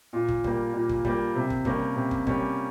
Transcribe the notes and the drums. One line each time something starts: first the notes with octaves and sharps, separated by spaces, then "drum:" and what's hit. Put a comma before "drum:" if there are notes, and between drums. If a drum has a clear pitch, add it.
A#2
drum: kick
G3 A#3, drum: kick
A#2
drum: kick
G3 A#3, drum: kick
C3
drum: kick
G3 A#3 C#4, drum: kick
C3
drum: kick
G3 A#3 C#4, drum: kick